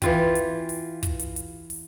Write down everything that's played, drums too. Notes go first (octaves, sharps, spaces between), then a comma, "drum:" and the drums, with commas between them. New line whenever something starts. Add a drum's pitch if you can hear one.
E3 F4 G4, drum: kick, hi-hat
drum: hi-hat
drum: open hi-hat
drum: kick, hi-hat
drum: hi-hat
drum: hi-hat
drum: open hi-hat